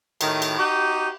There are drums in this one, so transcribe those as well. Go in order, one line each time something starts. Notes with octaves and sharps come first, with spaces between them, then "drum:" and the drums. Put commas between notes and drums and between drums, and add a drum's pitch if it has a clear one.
A2 D#3, drum: cymbal
drum: cymbal
D#4 F#4 G4